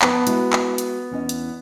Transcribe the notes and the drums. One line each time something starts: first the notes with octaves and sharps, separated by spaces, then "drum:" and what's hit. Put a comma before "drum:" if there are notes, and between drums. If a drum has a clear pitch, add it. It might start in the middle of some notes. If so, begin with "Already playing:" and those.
F2 B3 A5, drum: clap
G#3 E4 F#4, drum: hi-hat
drum: clap
drum: hi-hat
E2 C#4 D#5
drum: hi-hat